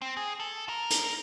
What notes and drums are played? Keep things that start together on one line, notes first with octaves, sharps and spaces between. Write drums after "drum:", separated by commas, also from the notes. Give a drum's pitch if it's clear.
C4
G#4
A4
A#4
drum: hi-hat